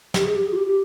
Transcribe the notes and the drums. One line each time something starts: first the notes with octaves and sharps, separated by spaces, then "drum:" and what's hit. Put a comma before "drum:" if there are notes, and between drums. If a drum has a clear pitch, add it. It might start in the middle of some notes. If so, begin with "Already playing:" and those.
G4, drum: snare
G#4
G4
G#4
F4
G4
G4